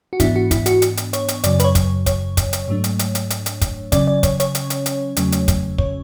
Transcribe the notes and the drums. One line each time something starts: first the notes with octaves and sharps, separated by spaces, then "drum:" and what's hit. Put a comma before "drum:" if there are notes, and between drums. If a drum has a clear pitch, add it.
F#4
G#2 E3 B3 D4 E4, drum: kick, hi-hat
F#4
E4, drum: kick, hi-hat
F#4, drum: hi-hat
drum: hi-hat
drum: hi-hat
C#5, drum: hi-hat
drum: hi-hat
F#2 C#3 F#3 D5, drum: hi-hat
B4, drum: hi-hat
C#5
drum: kick, hi-hat
C#5, drum: kick, hi-hat
drum: kick, hi-hat
drum: hi-hat
G#2 F#3 A3 D4
drum: hi-hat
drum: hi-hat
drum: hi-hat
drum: hi-hat
drum: hi-hat
drum: kick, hi-hat
C#3 F#3 C#4 D5, drum: kick, hi-hat
D5
C#5, drum: kick, hi-hat
C#5, drum: hi-hat
drum: hi-hat
drum: hi-hat
drum: hi-hat
E2 C#3 F#3 A3 C#4, drum: hi-hat
drum: hi-hat
drum: kick, hi-hat
C#5, drum: kick